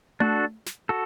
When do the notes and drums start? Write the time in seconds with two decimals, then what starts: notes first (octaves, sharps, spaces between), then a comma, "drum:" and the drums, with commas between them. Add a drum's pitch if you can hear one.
0.20 D4 F#4 A4, drum: tom A3
0.66 drum: snare
0.89 F#4 A4